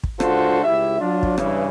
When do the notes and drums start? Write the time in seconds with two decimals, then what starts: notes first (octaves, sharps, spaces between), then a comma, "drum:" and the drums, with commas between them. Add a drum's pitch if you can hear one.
0.04 drum: kick
0.20 C#2 D4 F4 F#4 A4 C5, drum: rim click
0.64 C#2 E4 G4 E5
1.00 F#3 D4 F4
1.23 drum: kick
1.38 G2 C#3 E3, drum: rim click